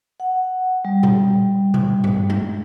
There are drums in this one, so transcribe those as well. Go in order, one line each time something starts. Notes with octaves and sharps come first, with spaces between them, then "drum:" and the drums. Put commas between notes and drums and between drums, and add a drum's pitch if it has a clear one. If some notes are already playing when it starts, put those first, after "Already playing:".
F#5
G3
drum: tom A#2
drum: tom A#2
drum: tom G2
drum: tom G#3